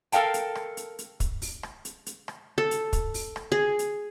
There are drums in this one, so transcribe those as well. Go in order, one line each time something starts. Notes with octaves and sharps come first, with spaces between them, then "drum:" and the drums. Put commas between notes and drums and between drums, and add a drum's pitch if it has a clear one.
A4 A#4 F5 G5 A5, drum: hi-hat
drum: hi-hat
drum: rim click
drum: hi-hat
drum: hi-hat
drum: kick, hi-hat
drum: open hi-hat
drum: rim click
drum: hi-hat
drum: hi-hat
drum: rim click
A4
drum: hi-hat
drum: kick, hi-hat
drum: open hi-hat
drum: rim click
G#4
drum: hi-hat